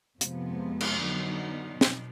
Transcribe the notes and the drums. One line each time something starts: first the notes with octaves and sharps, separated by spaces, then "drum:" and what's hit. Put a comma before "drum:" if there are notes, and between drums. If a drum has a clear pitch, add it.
F2 C3 F3 G#3 B3, drum: hi-hat
drum: cymbal
D3 F#3 B3 D#4
B2, drum: snare